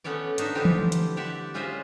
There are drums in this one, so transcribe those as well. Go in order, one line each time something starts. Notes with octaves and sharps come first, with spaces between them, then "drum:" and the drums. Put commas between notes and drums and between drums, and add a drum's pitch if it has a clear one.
A3 B3 C#4 C#5 D5
D4 D#4 A4 E5, drum: hi-hat
D3 E3 C4 E4 F4 G4
drum: tom E3
drum: hi-hat
G4 D5 E5 F#5
G#3 C#4 F4 C5 D#5 E5